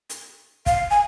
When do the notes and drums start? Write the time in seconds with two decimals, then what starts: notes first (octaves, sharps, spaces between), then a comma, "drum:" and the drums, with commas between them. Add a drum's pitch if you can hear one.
0.10 drum: hi-hat
0.66 F5, drum: kick, hi-hat
0.91 G#5